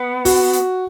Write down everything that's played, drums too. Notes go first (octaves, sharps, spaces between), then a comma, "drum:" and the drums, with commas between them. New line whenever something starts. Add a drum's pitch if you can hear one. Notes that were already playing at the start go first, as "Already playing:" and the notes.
Already playing: B3
F#4, drum: open hi-hat
drum: hi-hat